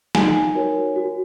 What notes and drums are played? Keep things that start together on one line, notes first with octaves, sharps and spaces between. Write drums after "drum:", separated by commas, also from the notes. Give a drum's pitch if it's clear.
D#4 G#5, drum: snare
F#4 A#4 C#5
F#4